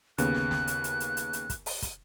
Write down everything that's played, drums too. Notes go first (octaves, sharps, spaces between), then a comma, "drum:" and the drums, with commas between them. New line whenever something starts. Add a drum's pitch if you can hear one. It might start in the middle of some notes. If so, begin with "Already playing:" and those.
D#2 C#3 B3 F#6, drum: hi-hat
drum: snare
drum: snare
drum: hi-hat
drum: hi-hat
drum: hi-hat
drum: hi-hat
drum: hi-hat
drum: kick, hi-hat
drum: open hi-hat
drum: kick, hi-hat